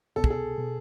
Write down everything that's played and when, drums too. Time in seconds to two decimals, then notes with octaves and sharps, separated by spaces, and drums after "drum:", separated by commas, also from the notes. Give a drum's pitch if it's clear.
0.16 C2 B2 B3 A4
0.24 G#4, drum: kick
0.30 A4
0.58 B2 B3